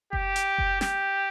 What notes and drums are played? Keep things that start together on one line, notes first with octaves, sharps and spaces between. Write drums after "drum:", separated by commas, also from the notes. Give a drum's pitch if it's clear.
G4, drum: kick F#1
drum: hi-hat
drum: kick F#1
G4, drum: snare